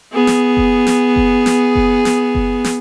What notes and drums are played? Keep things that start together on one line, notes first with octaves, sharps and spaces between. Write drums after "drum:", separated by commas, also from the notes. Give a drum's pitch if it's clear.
B3 G#4
drum: snare
drum: kick F#1
drum: snare
drum: kick F#1
drum: snare
drum: kick F#1
drum: snare
drum: kick F#1
drum: snare